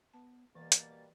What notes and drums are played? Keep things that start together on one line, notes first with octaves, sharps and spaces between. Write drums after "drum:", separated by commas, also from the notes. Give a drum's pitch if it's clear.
B3 A5
B2 E3 G3 A#3 A6
drum: hi-hat